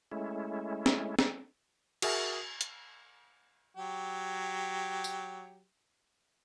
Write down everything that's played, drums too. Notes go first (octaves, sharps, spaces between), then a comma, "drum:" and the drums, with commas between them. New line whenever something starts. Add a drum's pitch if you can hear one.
G#3 A3 C#4 E4
drum: snare
drum: snare
F#4 G#4 A#4 E5, drum: cymbal
drum: hi-hat
F#3 G4
drum: tambourine